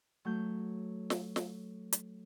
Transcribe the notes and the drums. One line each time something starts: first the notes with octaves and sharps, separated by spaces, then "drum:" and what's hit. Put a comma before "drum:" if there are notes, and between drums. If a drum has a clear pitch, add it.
F#3 A3 G6
drum: snare
drum: snare
drum: hi-hat